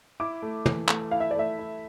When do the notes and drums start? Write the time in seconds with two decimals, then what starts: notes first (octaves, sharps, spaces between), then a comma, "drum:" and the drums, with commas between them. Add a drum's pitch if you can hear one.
0.20 E4 D6
0.42 A3
0.66 E3, drum: tom
0.88 A3, drum: clap
1.11 E4 F5
1.20 E5
1.31 D5
1.35 A3 E5
1.58 E4